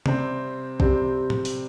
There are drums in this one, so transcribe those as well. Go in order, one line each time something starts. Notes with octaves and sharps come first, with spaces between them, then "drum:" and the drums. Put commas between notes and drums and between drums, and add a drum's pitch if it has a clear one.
C3 G3 C4, drum: tom C3
C3 G3 C4, drum: kick A#1
drum: tom A2
drum: open hi-hat